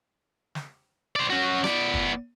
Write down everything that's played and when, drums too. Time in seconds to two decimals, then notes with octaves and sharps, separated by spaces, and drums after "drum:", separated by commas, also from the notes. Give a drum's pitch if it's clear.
0.55 drum: snare
1.16 C5 D5
1.30 C#4 F#4
1.64 B3 D5, drum: rim click
1.94 drum: kick